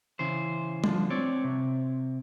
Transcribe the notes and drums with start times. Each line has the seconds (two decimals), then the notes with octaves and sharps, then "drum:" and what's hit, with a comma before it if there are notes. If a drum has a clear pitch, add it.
0.19 C#3 E3 C5
0.84 D3 F3, drum: tom G3
1.10 C4 C#5 D5
1.44 C3